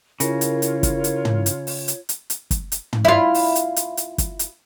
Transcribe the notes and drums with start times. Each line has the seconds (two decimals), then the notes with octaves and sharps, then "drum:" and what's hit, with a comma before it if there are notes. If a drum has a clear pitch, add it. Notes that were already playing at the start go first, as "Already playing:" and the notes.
0.20 C#3 E4 F4 A#4 C#5, drum: hi-hat
0.41 drum: hi-hat
0.62 drum: hi-hat
0.83 drum: kick, hi-hat
1.04 drum: hi-hat
1.25 drum: tom
1.46 drum: hi-hat
1.67 drum: open hi-hat
1.88 drum: hi-hat
2.09 drum: hi-hat
2.30 drum: hi-hat
2.51 drum: kick, hi-hat
2.72 drum: hi-hat
2.93 drum: tom
3.05 E4 F4
3.35 drum: open hi-hat
3.55 drum: hi-hat
3.76 drum: hi-hat
3.97 drum: hi-hat
4.18 drum: kick, hi-hat
4.39 drum: hi-hat